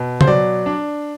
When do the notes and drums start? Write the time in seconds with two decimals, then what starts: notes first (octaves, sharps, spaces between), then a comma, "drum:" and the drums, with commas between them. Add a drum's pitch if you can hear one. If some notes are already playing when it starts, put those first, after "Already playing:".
Already playing: B2
0.21 C5, drum: tom C#3
0.27 F#3 D5
0.66 D4